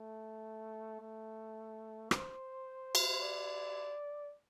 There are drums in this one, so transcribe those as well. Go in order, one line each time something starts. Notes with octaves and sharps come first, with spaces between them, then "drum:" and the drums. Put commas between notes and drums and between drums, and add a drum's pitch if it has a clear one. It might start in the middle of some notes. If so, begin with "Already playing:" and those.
Already playing: A3
A3
C5, drum: rim click
drum: cymbal
D5